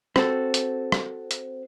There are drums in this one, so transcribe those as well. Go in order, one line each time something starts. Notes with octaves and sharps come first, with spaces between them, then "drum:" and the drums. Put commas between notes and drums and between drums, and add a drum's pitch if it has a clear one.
C4 F#4 A4, drum: rim click
drum: hi-hat
drum: rim click
drum: hi-hat